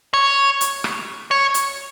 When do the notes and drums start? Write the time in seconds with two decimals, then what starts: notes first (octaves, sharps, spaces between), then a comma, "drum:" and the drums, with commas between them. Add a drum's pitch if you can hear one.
0.14 C#5
0.61 drum: hi-hat
0.84 drum: rim click
1.31 C#5
1.54 drum: hi-hat